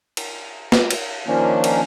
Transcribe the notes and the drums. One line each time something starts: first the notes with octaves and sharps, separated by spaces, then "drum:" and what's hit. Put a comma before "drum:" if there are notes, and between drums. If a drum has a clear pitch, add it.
drum: cymbal
drum: snare
drum: cymbal
D#3 F3 A#3 C#4 D4
drum: cymbal